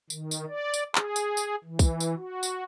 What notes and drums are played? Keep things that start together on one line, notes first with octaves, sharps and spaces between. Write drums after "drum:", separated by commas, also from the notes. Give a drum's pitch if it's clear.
D#3, drum: tambourine
drum: tambourine
D5
drum: tambourine
G#4, drum: clap
drum: tambourine
drum: tambourine
E3
drum: kick, tambourine
drum: tambourine
F#4
drum: tambourine